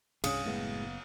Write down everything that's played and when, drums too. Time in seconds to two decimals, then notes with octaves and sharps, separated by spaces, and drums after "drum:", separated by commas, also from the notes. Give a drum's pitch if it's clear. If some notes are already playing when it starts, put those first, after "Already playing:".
0.24 C2 G2 C#4 G#4 F5 D#6, drum: cymbal
0.46 F#1 A2 G#3 B3